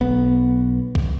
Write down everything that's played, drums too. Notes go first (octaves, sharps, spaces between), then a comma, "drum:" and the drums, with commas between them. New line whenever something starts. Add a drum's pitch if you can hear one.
B1 B3
drum: kick B1